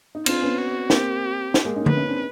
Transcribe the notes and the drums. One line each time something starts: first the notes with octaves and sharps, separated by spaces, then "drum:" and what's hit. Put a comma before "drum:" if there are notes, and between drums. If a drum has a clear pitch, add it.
D#4
C4 D4 F4, drum: cymbal
B3 C#4
F#4
A#3 C4 G4, drum: snare
drum: snare
G#3 A#3
C#4 D#4
B4, drum: tom D3
C#4 D#4
C4 D4